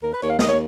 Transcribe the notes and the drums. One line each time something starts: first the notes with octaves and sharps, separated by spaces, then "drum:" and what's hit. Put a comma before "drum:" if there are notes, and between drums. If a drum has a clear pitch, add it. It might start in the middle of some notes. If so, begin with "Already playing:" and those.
D#2 A#4
B4
D#2 C#5
F5
D#2 D#5, drum: snare
C#5